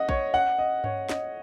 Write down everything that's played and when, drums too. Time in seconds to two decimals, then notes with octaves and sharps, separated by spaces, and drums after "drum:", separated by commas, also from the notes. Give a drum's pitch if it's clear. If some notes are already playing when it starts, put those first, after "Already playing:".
Already playing: D#5 F#5
0.09 C#5, drum: kick A#1
0.34 F#5
0.59 D#5
0.84 C#5, drum: tom G2
1.09 D#5, drum: snare